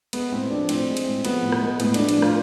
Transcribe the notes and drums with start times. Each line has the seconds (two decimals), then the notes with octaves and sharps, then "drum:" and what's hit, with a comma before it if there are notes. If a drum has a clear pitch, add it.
0.13 G#3 B3, drum: cymbal
0.32 A2 C4
0.50 F3 D4
0.69 A2 C4, drum: cymbal
0.88 G#3
0.97 drum: cymbal
1.06 A2
1.25 F3 B3, drum: cymbal
1.43 A2
1.52 drum: rim click
1.62 G#3
1.80 A2 B3, drum: cymbal
1.94 F3 D4, drum: cymbal
2.09 D4, drum: cymbal
2.17 A2
2.22 F4, drum: rim click